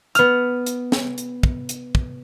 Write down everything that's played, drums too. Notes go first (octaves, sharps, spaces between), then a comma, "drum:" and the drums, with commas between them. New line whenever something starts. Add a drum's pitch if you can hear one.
B3 F6, drum: hi-hat
drum: hi-hat
drum: snare
drum: hi-hat
drum: kick
drum: hi-hat
drum: kick